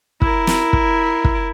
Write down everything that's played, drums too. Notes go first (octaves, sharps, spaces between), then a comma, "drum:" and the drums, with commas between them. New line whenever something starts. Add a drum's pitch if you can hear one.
E4 A#4, drum: kick
drum: snare
drum: kick
drum: kick